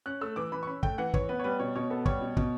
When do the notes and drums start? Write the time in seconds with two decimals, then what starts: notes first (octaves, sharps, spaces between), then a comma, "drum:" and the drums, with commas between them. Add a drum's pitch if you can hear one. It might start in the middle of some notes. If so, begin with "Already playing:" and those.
0.06 C#4 F#6
0.21 A3 E6
0.36 E3 D6
0.52 E3 B5
0.63 C#6
0.67 C#4 B5
0.83 A3 G5, drum: kick
0.98 E3 F#5
1.14 E3 C#5, drum: kick
1.29 B3 B4
1.39 C#5
1.44 G3 B4
1.60 B2 C#5
1.75 B2 C#5
1.90 B3 A4
2.06 G3 C#5, drum: kick
2.21 B2
2.37 B2, drum: kick